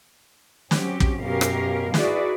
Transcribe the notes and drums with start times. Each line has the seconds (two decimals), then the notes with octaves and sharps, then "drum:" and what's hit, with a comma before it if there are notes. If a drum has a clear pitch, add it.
0.71 F#3 C4 C#4 G4, drum: snare
1.00 drum: kick
1.20 F#2 B2 C#4 G4 A#4 F5
1.41 drum: rim click
1.94 D#4 E4 F#4 G#4 B4 D5, drum: snare